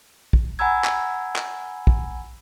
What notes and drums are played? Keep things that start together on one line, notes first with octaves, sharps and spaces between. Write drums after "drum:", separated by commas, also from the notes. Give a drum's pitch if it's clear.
drum: kick
F#5 G#5 A#5 B5 E6 G#6
drum: clap
drum: clap
drum: kick